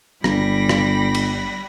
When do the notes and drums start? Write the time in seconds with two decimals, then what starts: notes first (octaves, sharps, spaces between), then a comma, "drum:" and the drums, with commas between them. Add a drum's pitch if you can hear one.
0.24 G1 G3 B5 A#6, drum: rim click
0.69 drum: rim click
1.15 drum: cymbal